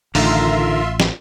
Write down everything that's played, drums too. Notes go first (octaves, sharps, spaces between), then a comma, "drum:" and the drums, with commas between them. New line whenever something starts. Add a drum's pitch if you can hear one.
A1 D3 D#3 A3 F4 A#4 E5 C6, drum: open hi-hat
drum: snare